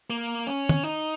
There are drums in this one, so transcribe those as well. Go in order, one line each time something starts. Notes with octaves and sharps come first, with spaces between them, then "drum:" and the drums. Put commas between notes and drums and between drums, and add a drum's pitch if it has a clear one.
A#3
C#4
drum: tom
D#4